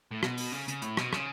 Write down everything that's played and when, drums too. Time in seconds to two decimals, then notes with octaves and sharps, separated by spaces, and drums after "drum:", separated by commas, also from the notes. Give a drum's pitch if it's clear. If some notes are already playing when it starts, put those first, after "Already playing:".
0.11 A2
0.23 B2, drum: rim click
0.38 drum: open hi-hat
0.52 C#3
0.68 C#3, drum: hi-hat
0.82 A2, drum: hi-hat
0.97 B2, drum: rim click
1.13 C#3, drum: rim click